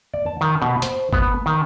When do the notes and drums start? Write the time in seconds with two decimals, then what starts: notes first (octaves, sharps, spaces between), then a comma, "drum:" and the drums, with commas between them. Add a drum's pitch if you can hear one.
0.14 D5
0.26 A5
0.41 D#3
0.62 B2
0.82 C5, drum: hi-hat
1.13 B3, drum: kick G1
1.46 D#3